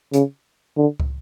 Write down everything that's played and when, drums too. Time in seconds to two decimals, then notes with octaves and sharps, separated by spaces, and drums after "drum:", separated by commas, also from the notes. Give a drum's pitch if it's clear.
0.13 C#3, drum: hi-hat
0.77 D3
1.00 drum: kick